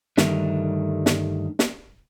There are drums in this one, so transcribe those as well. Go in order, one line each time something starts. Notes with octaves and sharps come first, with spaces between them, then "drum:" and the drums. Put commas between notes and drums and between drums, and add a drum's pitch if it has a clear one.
G2 D3 D#3 G3 A3, drum: snare
drum: snare
drum: snare